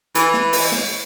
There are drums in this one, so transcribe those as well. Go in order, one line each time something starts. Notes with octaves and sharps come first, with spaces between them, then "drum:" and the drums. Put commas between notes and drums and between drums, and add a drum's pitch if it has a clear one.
E3, drum: hi-hat
drum: snare
drum: open hi-hat
drum: snare